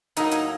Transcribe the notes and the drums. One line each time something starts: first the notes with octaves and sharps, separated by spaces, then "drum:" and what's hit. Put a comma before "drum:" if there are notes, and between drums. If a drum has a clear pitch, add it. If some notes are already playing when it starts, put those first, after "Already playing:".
A2 F#3 A#3 D#4, drum: hi-hat
drum: hi-hat